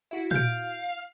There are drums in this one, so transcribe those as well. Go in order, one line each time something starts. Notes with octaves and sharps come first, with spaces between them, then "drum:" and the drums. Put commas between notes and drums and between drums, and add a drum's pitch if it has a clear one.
E4 F#4
F5 G6 D7, drum: tom A#2